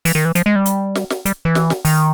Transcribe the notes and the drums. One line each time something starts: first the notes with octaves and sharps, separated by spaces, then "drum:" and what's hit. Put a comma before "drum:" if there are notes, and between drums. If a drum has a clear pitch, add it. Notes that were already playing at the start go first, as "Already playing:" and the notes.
E3, drum: open hi-hat
D#3
E3
F3, drum: hi-hat
G#3
G3
drum: hi-hat
drum: snare
drum: snare
G3, drum: hi-hat
E3
drum: snare
drum: snare
D#3, drum: open hi-hat